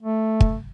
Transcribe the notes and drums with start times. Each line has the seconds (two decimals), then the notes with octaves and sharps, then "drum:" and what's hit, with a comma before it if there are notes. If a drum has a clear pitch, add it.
0.03 A3
0.40 drum: kick